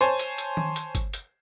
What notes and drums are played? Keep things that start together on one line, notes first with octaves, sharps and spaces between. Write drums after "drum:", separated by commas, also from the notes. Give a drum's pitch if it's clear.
C5 C#5 G#5 A5
drum: hi-hat
drum: hi-hat
drum: tom D#3
drum: hi-hat
drum: kick, hi-hat
drum: hi-hat